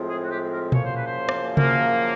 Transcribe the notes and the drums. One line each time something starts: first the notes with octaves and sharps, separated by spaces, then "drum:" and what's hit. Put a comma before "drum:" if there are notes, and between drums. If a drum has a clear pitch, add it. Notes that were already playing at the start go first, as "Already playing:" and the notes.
Already playing: A2 F3 G#3 C4
G#4
F#4
G4
A#4
F#2 C#3 F3 A#3 C#5, drum: tom A#2
C5
B4
C5
drum: rim click
F#2 C#3 F3 A#3, drum: tom C3